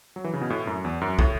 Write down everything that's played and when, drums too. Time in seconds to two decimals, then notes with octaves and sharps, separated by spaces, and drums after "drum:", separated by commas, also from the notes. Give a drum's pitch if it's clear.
0.16 F#3
0.24 E3
0.33 C#3
0.41 B2
0.50 A2
0.67 F#2
0.84 E2
1.01 F#2
1.19 A2, drum: kick